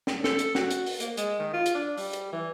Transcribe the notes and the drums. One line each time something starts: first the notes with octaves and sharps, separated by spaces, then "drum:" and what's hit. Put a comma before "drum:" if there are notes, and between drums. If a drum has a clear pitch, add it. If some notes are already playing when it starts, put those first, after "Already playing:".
drum: snare
A4, drum: snare
drum: hi-hat
F#4, drum: snare
drum: hi-hat
drum: open hi-hat
A#3, drum: hi-hat
G#3, drum: hi-hat
D#3
F4
drum: hi-hat
D4
G3, drum: open hi-hat
drum: hi-hat
E3